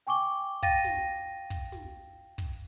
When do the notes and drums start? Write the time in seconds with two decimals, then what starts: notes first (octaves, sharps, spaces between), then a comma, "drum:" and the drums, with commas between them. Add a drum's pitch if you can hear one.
0.07 G5 G#5 C#6 D6 G7
0.63 F5 G5 A6 A#6 D#7, drum: kick
0.84 drum: snare
1.50 drum: kick
1.72 drum: snare
2.38 drum: kick